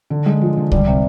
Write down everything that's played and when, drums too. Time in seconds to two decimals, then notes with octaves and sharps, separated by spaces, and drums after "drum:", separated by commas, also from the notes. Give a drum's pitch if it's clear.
0.10 D3
0.26 G#3
0.41 F3
0.57 D3
0.72 G3 D5, drum: kick C2
0.88 C3